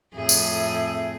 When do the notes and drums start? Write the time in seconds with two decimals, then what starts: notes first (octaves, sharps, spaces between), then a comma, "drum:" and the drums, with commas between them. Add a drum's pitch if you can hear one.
0.15 F2 A2 G#4 E5
0.29 drum: tambourine